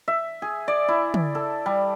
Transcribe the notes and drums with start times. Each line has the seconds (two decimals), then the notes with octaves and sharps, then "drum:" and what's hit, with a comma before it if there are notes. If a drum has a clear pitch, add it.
0.08 E5
0.42 G#4
0.68 D5
0.88 E4
1.14 drum: tom
1.35 A4
1.66 G3